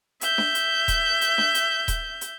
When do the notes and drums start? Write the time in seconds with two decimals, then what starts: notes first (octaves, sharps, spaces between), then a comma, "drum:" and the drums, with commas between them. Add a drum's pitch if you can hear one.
0.21 E5 G6, drum: hi-hat
0.38 drum: snare D4
0.55 drum: hi-hat
0.88 drum: kick D#1, hi-hat
1.21 drum: hi-hat
1.38 drum: snare D4
1.55 drum: hi-hat
1.88 drum: kick D#1, hi-hat
2.21 drum: hi-hat